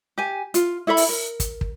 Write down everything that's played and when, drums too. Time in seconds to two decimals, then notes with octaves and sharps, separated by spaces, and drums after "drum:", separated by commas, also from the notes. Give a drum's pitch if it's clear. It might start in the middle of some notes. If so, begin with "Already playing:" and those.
0.18 G4 G#5
0.54 F4, drum: hi-hat
0.87 E4 A4 E5 B5
0.97 drum: open hi-hat
1.09 A#4
1.40 drum: kick, hi-hat
1.61 drum: kick